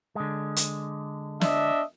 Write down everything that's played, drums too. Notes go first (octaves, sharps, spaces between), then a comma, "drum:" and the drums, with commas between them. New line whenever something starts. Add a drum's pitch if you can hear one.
D3 G#3
drum: hi-hat
D4 D#5 E5, drum: snare